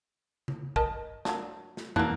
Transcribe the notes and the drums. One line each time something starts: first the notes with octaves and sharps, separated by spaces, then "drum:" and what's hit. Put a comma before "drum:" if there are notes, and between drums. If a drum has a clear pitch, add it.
drum: tom C#3
A#4 D#5 A5, drum: kick
F#3 A#3 D4, drum: snare
drum: snare
E3 F#3 A#3 D4 F#6, drum: tom